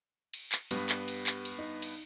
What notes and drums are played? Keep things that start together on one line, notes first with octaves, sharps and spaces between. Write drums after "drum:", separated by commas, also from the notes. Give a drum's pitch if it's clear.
drum: cymbal
drum: clap
G2 G3 B3, drum: cymbal
drum: clap
drum: cymbal
drum: clap
drum: cymbal
D#4
drum: cymbal